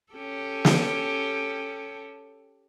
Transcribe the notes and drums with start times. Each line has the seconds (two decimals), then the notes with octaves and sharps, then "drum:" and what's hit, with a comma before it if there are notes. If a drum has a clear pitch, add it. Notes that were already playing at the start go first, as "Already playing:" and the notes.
0.13 C#4 G4 A4
0.65 drum: snare